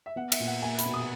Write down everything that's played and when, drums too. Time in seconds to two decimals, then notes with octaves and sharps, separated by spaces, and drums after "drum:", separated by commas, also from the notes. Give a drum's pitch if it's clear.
0.06 E5
0.16 B3 F#5
0.32 E5, drum: cymbal
0.40 A#2
0.47 F#5
0.62 A#3 G#5
0.79 B5, drum: hi-hat
0.85 B2
0.94 D#6